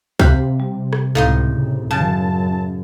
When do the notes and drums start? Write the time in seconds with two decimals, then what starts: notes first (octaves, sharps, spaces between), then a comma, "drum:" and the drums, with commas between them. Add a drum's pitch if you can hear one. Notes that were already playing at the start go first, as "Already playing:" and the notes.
0.20 C3 F5 B5 F#6 G6, drum: kick C#2
0.60 G3
0.93 drum: rim click
1.15 C#2 A2 D#4 A4 F5 C6
1.49 C#3
1.91 F#2 C#3 A5
2.01 drum: tom D3